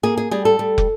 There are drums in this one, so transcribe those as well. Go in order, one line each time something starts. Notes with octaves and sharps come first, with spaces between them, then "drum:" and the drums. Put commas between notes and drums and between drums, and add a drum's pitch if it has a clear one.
A#3 G#4
G#4
G3 G#4
A4
G3
drum: kick